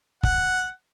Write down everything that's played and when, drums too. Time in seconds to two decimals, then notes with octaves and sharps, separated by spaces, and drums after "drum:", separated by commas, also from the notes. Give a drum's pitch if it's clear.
0.23 F#5, drum: kick